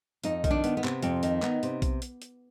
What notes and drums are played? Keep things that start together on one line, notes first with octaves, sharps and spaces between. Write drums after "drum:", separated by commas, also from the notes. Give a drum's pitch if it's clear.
F2 D#4, drum: hi-hat
D#3, drum: kick B1, hi-hat
D4
B3, drum: hi-hat
B3
C3, drum: clap
F2 C4, drum: hi-hat
D#3, drum: hi-hat
B3 D#4, drum: clap
C3, drum: hi-hat
drum: kick B1, hi-hat
drum: hi-hat
drum: hi-hat